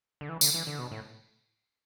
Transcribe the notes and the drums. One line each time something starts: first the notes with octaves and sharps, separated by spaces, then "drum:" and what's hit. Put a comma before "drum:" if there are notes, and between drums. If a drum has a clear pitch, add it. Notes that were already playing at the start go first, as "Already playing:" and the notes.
D3
E3
D3, drum: tambourine
E3
D3
B2
A2